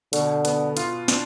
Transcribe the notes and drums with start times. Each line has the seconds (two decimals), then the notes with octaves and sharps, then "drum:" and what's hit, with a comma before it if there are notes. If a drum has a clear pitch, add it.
0.13 B2 D3, drum: hi-hat
0.45 B3, drum: hi-hat
0.77 F4, drum: hi-hat
1.08 D4, drum: snare